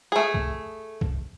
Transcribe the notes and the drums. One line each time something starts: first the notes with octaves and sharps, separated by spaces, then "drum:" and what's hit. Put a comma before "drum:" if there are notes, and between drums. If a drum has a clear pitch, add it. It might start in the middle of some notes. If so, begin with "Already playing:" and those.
A3 G#4
drum: kick
drum: kick